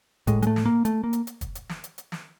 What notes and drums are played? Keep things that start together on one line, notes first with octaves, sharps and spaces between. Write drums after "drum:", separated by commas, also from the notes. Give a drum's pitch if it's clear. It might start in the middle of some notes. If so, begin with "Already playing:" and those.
A2 G#3, drum: kick, hi-hat
G#3, drum: hi-hat
A3
drum: snare
A#3
A3, drum: hi-hat
A#3
drum: hi-hat
drum: hi-hat
drum: kick, hi-hat
drum: hi-hat
drum: snare
drum: hi-hat
drum: hi-hat
drum: snare